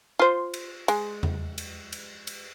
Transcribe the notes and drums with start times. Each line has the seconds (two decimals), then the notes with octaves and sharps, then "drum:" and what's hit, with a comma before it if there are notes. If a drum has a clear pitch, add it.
0.19 F4 C5
0.54 drum: cymbal
0.88 G#3, drum: cymbal
1.23 drum: tom E2
1.58 drum: cymbal
1.92 drum: cymbal
2.27 drum: cymbal